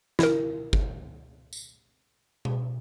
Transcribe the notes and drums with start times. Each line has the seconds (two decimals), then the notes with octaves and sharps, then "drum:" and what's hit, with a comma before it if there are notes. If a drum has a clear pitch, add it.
0.19 E4 A#4, drum: snare
0.73 drum: kick
1.53 drum: tambourine
2.45 drum: tom B2